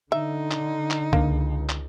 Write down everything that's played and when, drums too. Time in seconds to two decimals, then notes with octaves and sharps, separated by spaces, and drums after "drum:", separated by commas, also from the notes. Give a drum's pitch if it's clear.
0.12 D3 D#4 E5
0.51 drum: clap
0.91 drum: clap
1.13 C#2 D3 A#3, drum: kick C2
1.69 drum: clap